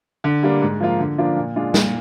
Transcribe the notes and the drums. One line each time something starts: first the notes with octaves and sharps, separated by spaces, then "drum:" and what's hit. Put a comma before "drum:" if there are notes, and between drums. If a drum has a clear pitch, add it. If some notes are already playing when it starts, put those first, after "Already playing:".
D3
G3 A#3 D4
G#2
F3 A#3 F4
D3
F3 A#3 D4 F4
A#2
G#3 D4 F4
A#2, drum: snare